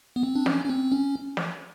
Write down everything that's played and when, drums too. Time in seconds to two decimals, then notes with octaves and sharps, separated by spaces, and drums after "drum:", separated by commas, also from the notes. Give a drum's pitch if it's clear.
0.16 B3
0.23 C4
0.35 D4
0.46 C#4, drum: snare
0.65 C#4
0.69 C4
0.92 C#4
1.37 drum: snare